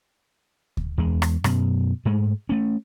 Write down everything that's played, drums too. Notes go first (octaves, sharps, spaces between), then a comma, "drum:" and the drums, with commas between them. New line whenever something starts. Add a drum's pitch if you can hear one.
drum: kick D2
E2 G#3
drum: rim click
F#2 B2, drum: rim click
G#2 G#3 A3
A3 C#4